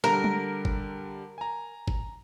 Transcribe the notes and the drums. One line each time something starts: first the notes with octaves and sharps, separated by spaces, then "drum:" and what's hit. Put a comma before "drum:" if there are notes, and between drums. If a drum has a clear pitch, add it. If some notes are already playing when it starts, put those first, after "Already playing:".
D3 G3 A#4
drum: tom
drum: kick
G#5 A#5
drum: kick